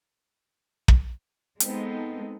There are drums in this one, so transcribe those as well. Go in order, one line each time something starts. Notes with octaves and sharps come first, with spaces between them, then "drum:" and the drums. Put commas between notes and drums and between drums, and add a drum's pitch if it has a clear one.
drum: kick
G#3 B3 C4 D#4 A4, drum: hi-hat